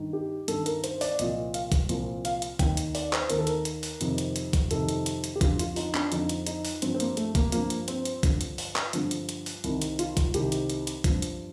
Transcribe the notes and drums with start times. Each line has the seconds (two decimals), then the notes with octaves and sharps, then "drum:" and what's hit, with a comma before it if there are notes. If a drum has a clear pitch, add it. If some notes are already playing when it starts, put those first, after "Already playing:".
Already playing: G2 D#3
0.13 G4
0.48 G2 D#3 A4, drum: hi-hat
0.66 A#4, drum: hi-hat
0.84 C5, drum: hi-hat
1.01 D5, drum: open hi-hat
1.19 C2 A#2 F3 D#5, drum: hi-hat
1.54 F5, drum: hi-hat
1.72 drum: kick, hi-hat
1.89 C2 A#2 F3, drum: hi-hat
2.25 F5, drum: hi-hat
2.42 drum: hi-hat
2.59 D#2 D#3 G5, drum: kick, hi-hat
2.77 drum: hi-hat
2.95 D5, drum: open hi-hat
3.13 C5, drum: clap
3.30 D#2 D#3 A#4, drum: hi-hat
3.38 A4
3.47 A#4, drum: hi-hat
3.65 drum: hi-hat
3.83 drum: open hi-hat
4.01 F2 C3 D#3, drum: hi-hat
4.18 drum: hi-hat
4.36 drum: hi-hat
4.53 drum: kick, hi-hat
4.71 F2 C3 D#3 A4, drum: hi-hat
4.89 drum: hi-hat
5.06 drum: hi-hat
5.24 drum: hi-hat
5.36 G4
5.41 F2 D3 F3 F4, drum: kick, hi-hat
5.59 F4, drum: hi-hat
5.76 D#4, drum: open hi-hat
5.94 D4, drum: clap
6.12 F2 D3 F3 D#4, drum: hi-hat
6.29 drum: hi-hat
6.47 D#4, drum: hi-hat
6.65 drum: open hi-hat
6.82 G2 F3 C4, drum: hi-hat
6.95 C4
7.00 A#3, drum: hi-hat
7.17 A3, drum: hi-hat
7.35 A#3, drum: kick, hi-hat
7.52 G2 F3 A#3, drum: hi-hat
7.70 drum: hi-hat
7.88 C4, drum: hi-hat
8.05 drum: hi-hat
8.23 G2 D3 F3, drum: kick, hi-hat
8.41 drum: hi-hat
8.58 drum: open hi-hat
8.76 drum: clap
8.93 G2 D3 F3, drum: hi-hat
9.11 drum: hi-hat
9.29 drum: hi-hat
9.46 drum: open hi-hat
9.64 C2 C3 D#3, drum: hi-hat
9.82 drum: hi-hat
9.99 F4, drum: hi-hat
10.17 drum: kick, hi-hat
10.34 C2 C3 D#3 G4, drum: hi-hat
10.52 drum: hi-hat
10.70 drum: hi-hat
10.87 drum: hi-hat
11.04 F3, drum: kick, hi-hat
11.09 G2
11.22 drum: hi-hat